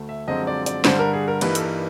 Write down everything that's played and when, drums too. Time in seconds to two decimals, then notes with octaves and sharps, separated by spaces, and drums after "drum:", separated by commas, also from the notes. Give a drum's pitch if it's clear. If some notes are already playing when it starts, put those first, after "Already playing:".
Already playing: D2 A3
0.09 E5
0.28 F#2 D3 F3 G#3 C4 D#5
0.47 D5
0.66 D5, drum: hi-hat
0.85 G2 D3 G3 C5, drum: snare
0.99 A#4
1.13 G#4
1.28 A#4
1.41 G2 E3 G3 A#3 D#4 B4, drum: cymbal
1.55 A4, drum: hi-hat
1.61 A#4